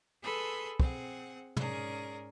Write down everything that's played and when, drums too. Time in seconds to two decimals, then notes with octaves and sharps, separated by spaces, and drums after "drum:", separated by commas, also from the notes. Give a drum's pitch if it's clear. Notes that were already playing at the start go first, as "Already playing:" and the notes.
0.23 G#4 A4 B4 B5 C6 E6
0.80 C4 G#4 F#5, drum: kick
1.57 G#2 C#4 G#4 A#4 D5, drum: tom